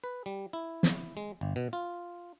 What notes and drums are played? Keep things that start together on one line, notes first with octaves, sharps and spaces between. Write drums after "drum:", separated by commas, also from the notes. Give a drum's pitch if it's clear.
B4
G3
E4
drum: snare
G#3
G1
B2
F4